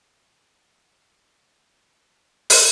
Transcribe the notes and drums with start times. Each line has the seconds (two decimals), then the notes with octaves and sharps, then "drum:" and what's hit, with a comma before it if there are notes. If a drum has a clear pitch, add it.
1.38 F#3 G#3 B3 G4 A4
1.85 B3 D#4 A5 B5
2.00 D#3 G4
2.50 drum: open hi-hat